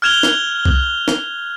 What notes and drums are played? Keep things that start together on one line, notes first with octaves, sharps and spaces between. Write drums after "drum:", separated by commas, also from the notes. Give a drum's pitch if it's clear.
F6 F#6 G#6 E7 F7 G7
drum: snare
drum: kick
drum: snare